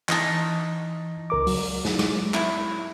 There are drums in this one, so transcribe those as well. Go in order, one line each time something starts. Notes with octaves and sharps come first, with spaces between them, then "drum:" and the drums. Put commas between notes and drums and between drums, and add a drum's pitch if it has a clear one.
E3 D#4 A5 D#6, drum: clap
C#2 A#4 D6
F#3, drum: open hi-hat
drum: snare
D6, drum: snare
E4, drum: clap